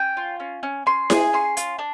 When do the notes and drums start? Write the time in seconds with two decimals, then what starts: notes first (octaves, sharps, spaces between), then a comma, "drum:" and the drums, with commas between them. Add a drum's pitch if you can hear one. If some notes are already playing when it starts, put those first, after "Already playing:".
Already playing: C#4 G5
0.17 F4
0.40 C#4
0.63 C#4
0.86 C#4 C6
1.10 G#4, drum: snare E4
1.33 C#4 C6
1.57 F4, drum: hi-hat
1.79 D4